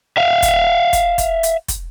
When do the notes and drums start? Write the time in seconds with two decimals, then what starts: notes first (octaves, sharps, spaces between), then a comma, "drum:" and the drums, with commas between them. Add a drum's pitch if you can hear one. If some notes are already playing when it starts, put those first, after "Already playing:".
0.17 E5 F5
0.42 drum: kick, hi-hat
0.93 drum: kick, hi-hat
1.18 drum: kick, hi-hat
1.43 drum: hi-hat
1.68 drum: kick, hi-hat